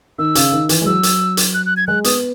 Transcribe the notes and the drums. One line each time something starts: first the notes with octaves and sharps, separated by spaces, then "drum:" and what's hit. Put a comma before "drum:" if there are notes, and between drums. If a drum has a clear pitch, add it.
D#3 E6
C#3, drum: hi-hat
D#3
E3, drum: hi-hat
G#3
F#3 E6
drum: hi-hat
drum: hi-hat
F#6
F#6
G#6
G#3 F#6
B3 D#6, drum: hi-hat